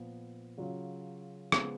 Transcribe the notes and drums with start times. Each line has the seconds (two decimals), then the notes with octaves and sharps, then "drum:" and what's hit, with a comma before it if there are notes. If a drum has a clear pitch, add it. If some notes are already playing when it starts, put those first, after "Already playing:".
Already playing: A#2 F3 B3
0.57 C#3 F#3 C#4 F4
1.52 C#3 F3 G#3 B3, drum: rim click